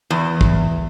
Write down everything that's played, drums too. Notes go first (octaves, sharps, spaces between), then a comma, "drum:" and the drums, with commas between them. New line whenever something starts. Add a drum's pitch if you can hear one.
E2
drum: kick